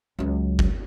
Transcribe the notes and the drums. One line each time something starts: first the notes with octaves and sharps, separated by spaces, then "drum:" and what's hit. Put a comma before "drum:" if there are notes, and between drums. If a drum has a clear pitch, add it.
C#2 F#3
drum: kick G1